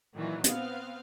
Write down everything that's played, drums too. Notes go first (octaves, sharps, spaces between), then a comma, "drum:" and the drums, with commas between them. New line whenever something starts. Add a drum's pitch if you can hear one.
A#2 D#3 E3 F#3
B3 C4 F5, drum: hi-hat